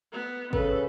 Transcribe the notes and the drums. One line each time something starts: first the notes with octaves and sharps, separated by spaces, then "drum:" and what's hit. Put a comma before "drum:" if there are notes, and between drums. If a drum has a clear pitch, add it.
B3
C#3 A4 B4, drum: kick